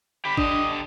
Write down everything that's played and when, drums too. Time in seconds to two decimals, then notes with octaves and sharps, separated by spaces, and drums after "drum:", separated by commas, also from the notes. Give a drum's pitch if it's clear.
0.25 D3 G4 B5
0.37 D4 D#5, drum: kick G#1
0.71 A5